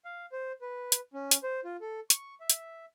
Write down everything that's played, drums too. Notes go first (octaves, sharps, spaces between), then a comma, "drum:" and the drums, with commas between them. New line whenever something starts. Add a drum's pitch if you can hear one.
F5
C5
B4
drum: hi-hat
C#4
drum: hi-hat
C5
F4
A4
C#6, drum: hi-hat
E5
drum: hi-hat